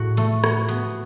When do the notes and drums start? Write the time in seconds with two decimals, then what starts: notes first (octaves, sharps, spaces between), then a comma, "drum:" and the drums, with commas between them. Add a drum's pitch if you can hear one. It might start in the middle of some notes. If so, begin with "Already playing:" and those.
Already playing: A2 F#4
0.17 A3, drum: hi-hat
0.44 F#4, drum: rim click
0.69 B3, drum: hi-hat